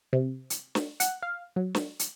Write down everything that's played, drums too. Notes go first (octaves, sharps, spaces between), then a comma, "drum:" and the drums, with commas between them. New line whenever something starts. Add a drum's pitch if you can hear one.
C3
drum: hi-hat
drum: snare
F#5, drum: hi-hat
F5
F#3
drum: snare
drum: hi-hat